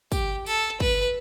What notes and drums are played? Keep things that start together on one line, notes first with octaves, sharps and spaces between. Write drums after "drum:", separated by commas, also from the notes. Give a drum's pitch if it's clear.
G4, drum: kick, tambourine
A4, drum: tambourine
B4, drum: kick